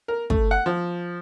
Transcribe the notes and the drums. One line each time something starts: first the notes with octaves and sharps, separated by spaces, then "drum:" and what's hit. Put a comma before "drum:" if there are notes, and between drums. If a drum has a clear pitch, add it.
A#4
A3, drum: kick
F#5
F3